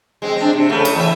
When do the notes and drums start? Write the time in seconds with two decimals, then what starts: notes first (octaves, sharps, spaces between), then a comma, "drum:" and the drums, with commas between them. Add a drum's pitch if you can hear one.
0.22 G#3 C4
0.36 C4 D4
0.53 C3
0.69 C#3 A3
0.85 drum: cymbal
0.95 E2 E5